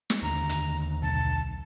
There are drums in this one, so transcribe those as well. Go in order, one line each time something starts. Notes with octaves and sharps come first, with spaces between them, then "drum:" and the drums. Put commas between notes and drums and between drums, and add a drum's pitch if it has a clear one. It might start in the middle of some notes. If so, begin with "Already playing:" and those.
drum: snare
D#2 D3 D#3 A#5
drum: hi-hat
B1 A5